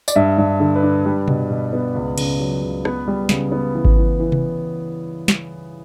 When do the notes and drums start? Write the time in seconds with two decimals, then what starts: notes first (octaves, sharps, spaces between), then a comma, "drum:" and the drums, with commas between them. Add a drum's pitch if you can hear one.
0.08 D5, drum: tambourine
0.16 G2 E5
0.38 G2
0.60 D3
0.76 B4
0.83 D4
1.05 G3
1.28 B2, drum: tom C3
1.50 B2
1.73 B3
1.95 C#2
2.18 C#3, drum: cymbal
2.40 F#3
2.62 C#2
2.85 B3 B4, drum: rim click
3.08 G3
3.29 C#3, drum: snare
3.52 B3
3.75 E3
3.85 drum: kick G#1
3.97 E3
4.20 E3
4.32 drum: tom C3
5.28 drum: snare